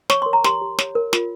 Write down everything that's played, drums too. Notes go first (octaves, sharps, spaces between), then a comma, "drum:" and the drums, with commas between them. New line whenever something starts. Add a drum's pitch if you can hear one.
C#5 C#6, drum: snare
A#4 C6
A#5
G4 C6, drum: snare
G4
C#5, drum: snare
A#4
F4, drum: snare